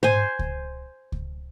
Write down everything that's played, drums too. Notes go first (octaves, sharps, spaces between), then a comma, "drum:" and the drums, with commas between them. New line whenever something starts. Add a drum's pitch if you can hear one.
C5 G#5, drum: tom G#2
drum: kick C#2
drum: kick C#2